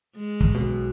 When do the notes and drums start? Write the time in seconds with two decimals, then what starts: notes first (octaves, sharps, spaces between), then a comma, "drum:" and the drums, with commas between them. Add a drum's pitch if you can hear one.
0.16 G#3
0.41 drum: kick
0.55 B1 B2